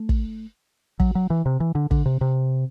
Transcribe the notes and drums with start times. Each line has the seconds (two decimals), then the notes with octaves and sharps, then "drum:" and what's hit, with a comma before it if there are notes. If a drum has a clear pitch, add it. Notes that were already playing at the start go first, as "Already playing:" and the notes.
Already playing: A3
0.09 drum: kick
1.00 F#3, drum: kick
1.15 F#3
1.30 E3
1.46 C3
1.60 E3
1.75 D3
1.91 D3, drum: kick
2.06 C3
2.21 C3